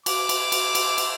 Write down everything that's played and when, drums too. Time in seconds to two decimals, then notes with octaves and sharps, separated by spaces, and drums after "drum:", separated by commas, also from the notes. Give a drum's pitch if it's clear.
0.06 D6, drum: cymbal
0.29 drum: cymbal
0.52 drum: cymbal
0.75 drum: cymbal
0.98 drum: cymbal